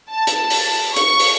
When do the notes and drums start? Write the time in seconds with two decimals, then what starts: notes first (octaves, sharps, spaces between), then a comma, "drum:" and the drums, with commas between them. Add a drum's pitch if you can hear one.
0.11 A5
0.27 drum: hi-hat
0.50 drum: open hi-hat
0.96 C#6, drum: hi-hat
1.20 drum: open hi-hat